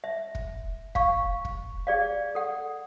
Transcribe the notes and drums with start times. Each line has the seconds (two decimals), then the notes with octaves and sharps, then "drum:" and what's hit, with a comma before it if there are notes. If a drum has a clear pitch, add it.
0.04 E5
0.35 drum: kick
0.95 F5 C#6, drum: kick
1.45 drum: kick
1.87 G#4 D5 F5
2.35 A4 F#5